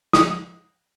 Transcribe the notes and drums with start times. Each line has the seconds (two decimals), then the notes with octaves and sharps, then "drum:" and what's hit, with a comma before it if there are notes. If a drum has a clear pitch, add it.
0.13 D#6, drum: snare